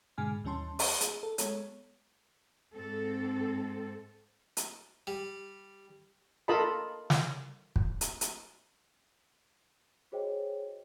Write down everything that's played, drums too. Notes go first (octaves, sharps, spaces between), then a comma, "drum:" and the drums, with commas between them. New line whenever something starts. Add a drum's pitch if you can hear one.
G#2 B2 D3 G#3 G#5 F6
D#2 E3 G3 C#4 A5 C6
F5 A5 C#6, drum: open hi-hat
G#4, drum: hi-hat
A4
G#3 B3 A4 C#5, drum: hi-hat
G#2 C4 A4
drum: hi-hat
G3
F4 A4 A#4 D#5 A5 B5
drum: snare
drum: kick
drum: hi-hat
drum: hi-hat
F#4 G#4 C5 C#5 D#5 G5